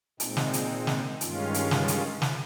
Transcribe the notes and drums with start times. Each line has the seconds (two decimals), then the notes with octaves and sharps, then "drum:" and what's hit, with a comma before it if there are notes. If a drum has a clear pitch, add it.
0.20 A#2 G#3 C4 D#4, drum: hi-hat
0.37 drum: snare
0.53 drum: hi-hat
0.87 drum: snare
1.21 G2 D#3 G#3 C#4 F4, drum: hi-hat
1.54 drum: hi-hat
1.71 drum: snare
1.88 drum: hi-hat
2.22 drum: snare